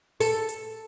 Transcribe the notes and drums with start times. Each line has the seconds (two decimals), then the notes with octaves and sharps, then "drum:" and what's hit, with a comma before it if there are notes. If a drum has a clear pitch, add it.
0.20 A4, drum: open hi-hat
0.49 drum: hi-hat